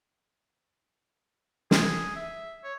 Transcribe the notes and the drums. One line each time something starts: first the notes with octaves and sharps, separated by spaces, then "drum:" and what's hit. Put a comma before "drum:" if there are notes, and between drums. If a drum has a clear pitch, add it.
G#4, drum: snare
E5
C#5